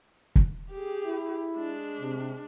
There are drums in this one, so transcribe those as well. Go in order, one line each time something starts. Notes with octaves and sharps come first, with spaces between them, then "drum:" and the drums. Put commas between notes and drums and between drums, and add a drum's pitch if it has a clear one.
drum: kick
G4 G#4
E4
G#3 D4
C3